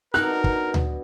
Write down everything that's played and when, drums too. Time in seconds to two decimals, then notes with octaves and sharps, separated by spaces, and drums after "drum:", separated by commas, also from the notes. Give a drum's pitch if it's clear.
0.14 G2 B2 D#4 A#4 D#5 F#6
0.44 drum: kick
0.74 drum: tom D2